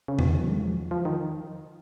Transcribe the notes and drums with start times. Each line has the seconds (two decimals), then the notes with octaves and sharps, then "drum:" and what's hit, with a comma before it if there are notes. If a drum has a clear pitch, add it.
0.08 C#3
0.19 B2, drum: tom E2
0.28 D#3
0.39 F#3
0.49 G#3
0.63 F3
0.91 F3
1.05 D#3